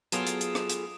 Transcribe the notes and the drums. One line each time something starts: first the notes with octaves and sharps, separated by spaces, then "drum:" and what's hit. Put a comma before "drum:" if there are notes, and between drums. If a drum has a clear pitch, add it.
F#3 B3 F4 G#4 A4 D#6 D7 E7, drum: hi-hat
drum: hi-hat
drum: hi-hat
drum: rim click
drum: hi-hat